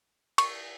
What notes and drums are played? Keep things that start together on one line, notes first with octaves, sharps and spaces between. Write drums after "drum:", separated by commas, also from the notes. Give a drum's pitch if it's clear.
C#6, drum: cymbal